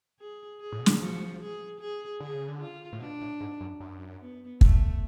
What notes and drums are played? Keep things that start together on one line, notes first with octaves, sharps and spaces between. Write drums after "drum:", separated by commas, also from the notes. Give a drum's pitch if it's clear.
G#4
G#4
A2
B2
C#3, drum: snare
D3
F3 F#4
G#4
G#4
D3 G#4
C#3
D3
F4
A2
B2 D4
A2
G#2
F#2
F#2
B3
A3, drum: kick